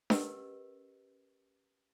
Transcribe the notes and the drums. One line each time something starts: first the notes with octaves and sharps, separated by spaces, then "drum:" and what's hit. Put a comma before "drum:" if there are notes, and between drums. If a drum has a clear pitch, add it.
C#4 G4 A#4 B4 D#5 E6, drum: snare D4